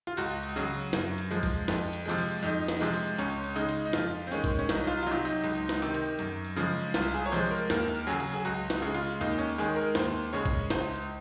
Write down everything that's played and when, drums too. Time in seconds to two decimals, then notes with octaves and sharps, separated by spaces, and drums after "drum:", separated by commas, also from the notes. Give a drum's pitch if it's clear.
0.07 F4
0.17 C#2 F#4, drum: hi-hat
0.43 drum: open hi-hat
0.56 C#3 F#3
0.68 drum: hi-hat
0.93 F#2, drum: snare
1.18 drum: hi-hat
1.31 F3 G#3
1.43 drum: kick, hi-hat
1.68 F2, drum: snare
1.93 drum: hi-hat
2.06 C3 F3 G#3
2.18 drum: hi-hat
2.43 F2 D#4, drum: hi-hat
2.68 drum: snare
2.80 C3 F3 G#3
2.94 drum: hi-hat
3.19 C#2 C#4, drum: hi-hat
3.44 drum: open hi-hat
3.56 C#3 G#3 D#4
3.69 drum: hi-hat
3.85 D#4
3.93 F2 F4, drum: snare
4.27 C4
4.31 D#3 G#3 C#4
4.44 drum: kick, hi-hat
4.59 C#4
4.69 C2 D#4, drum: snare
4.87 F4
5.03 F4
5.06 C3 F#3 D#4
5.25 D#4
5.44 C#2, drum: hi-hat
5.69 drum: snare
5.82 C3 D#3
5.94 drum: hi-hat
6.19 F#2, drum: hi-hat
6.44 drum: open hi-hat
6.56 C#3 F3 G#3
6.94 C2 F4, drum: snare
7.14 G#4
7.26 C#5
7.32 C3 F3 G#3 C5
7.51 A#4
7.70 D#2 A#4, drum: snare
7.95 drum: hi-hat
8.07 C#3 F#3 G#4
8.20 drum: hi-hat
8.34 G#4
8.45 C#2 F#4, drum: hi-hat
8.70 drum: snare
8.82 C#3 G#3
8.95 F4, drum: hi-hat
9.21 D#2 D#4, drum: hi-hat
9.39 C#4
9.58 D#3 G#3 G#4
9.76 A#4
9.95 D#2 C5, drum: snare
10.33 C#3 G#3 C#5
10.46 drum: kick, hi-hat
10.70 C#2 C5, drum: snare
10.96 drum: hi-hat